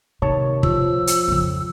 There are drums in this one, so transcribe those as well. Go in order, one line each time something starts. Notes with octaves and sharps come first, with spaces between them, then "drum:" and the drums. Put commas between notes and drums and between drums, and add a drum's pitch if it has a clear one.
D#2 C3 C#5 A5
F3 E6, drum: kick
drum: hi-hat
F2 C#3